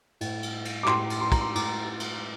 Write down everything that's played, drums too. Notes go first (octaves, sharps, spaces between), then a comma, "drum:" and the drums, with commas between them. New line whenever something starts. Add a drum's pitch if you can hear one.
A2, drum: cymbal
drum: cymbal
drum: cymbal
D6
A2 C6, drum: clap
drum: cymbal
C6
A#5, drum: kick, cymbal
C6
A2 D6, drum: cymbal
drum: cymbal